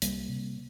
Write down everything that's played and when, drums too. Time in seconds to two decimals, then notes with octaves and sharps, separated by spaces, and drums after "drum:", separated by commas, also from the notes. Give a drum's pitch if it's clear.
0.02 C2 G3 A#3, drum: hi-hat
0.29 C3